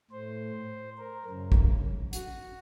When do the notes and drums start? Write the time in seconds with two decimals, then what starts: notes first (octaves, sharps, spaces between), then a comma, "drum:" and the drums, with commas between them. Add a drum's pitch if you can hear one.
0.11 A2 C5
0.98 A#4
1.26 F#2 C#3
1.52 drum: kick
2.13 F#4, drum: hi-hat